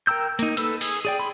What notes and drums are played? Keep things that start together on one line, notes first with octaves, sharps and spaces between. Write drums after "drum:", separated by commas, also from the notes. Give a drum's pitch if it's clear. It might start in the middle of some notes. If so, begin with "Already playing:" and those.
A#4 G5 A#5 E6 G6
A#3 D#4, drum: hi-hat
A4 B4 E6, drum: hi-hat
G#4, drum: open hi-hat
G#4 D5 G5
B5 C6